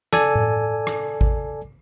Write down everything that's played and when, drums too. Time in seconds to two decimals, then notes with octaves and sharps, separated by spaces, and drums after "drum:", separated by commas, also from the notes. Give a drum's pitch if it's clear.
0.13 A4 D5 G#5, drum: snare
0.35 drum: tom A2
0.87 drum: rim click
1.21 drum: kick A1